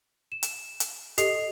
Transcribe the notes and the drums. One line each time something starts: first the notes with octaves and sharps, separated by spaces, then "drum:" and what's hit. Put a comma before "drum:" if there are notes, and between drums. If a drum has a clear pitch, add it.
E7
drum: hi-hat
drum: hi-hat
G4 A4 D#5 D#6 C7 F7, drum: hi-hat